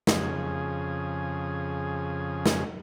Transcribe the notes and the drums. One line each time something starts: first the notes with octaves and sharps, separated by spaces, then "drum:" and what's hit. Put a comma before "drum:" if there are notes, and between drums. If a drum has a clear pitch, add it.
F2 C#3 G#4, drum: snare
drum: snare